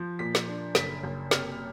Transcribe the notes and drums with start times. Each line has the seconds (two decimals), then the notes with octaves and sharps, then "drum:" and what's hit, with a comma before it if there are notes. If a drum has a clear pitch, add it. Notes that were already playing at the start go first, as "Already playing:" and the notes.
Already playing: F3
0.19 A#2 B6
0.35 drum: snare
0.48 D4
0.75 F#1 B6, drum: snare
1.04 F#1
1.31 C3 F6, drum: snare